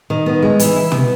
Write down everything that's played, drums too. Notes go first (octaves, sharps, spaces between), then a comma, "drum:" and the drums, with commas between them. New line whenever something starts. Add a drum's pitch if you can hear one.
D#3
B3
G#3
E3, drum: hi-hat
E4
B3, drum: tom